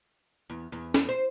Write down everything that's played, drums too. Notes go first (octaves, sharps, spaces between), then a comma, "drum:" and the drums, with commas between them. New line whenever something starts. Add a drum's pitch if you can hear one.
E2
E2
drum: snare
C5